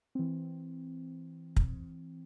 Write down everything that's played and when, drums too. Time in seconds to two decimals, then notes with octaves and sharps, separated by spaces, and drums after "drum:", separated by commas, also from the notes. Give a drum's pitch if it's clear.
0.15 E3 C4
1.56 drum: kick